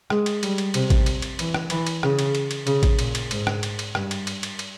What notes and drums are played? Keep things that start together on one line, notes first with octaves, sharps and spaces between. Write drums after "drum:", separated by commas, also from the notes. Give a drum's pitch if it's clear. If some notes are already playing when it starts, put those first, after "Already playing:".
G#3, drum: rim click
drum: cymbal
G3, drum: cymbal
drum: cymbal
C3, drum: cymbal
drum: kick A1, cymbal
drum: cymbal
drum: cymbal
E3, drum: cymbal
drum: rim click
E3, drum: cymbal
drum: cymbal
C#3, drum: rim click
drum: cymbal
drum: cymbal
drum: cymbal
C#3, drum: cymbal
drum: kick A1, cymbal
A#2, drum: cymbal
drum: cymbal
G#2, drum: cymbal
drum: rim click
drum: cymbal
drum: cymbal
G2, drum: rim click
drum: cymbal
drum: cymbal
drum: cymbal
drum: cymbal